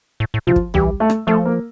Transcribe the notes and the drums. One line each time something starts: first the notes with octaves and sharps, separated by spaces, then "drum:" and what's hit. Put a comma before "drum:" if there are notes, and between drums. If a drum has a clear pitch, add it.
A2
A2
C3 F3 F4
drum: kick
E3 G3 G4, drum: tom
A3 A4
drum: rim click
F3 A3 A4
A#3 A#4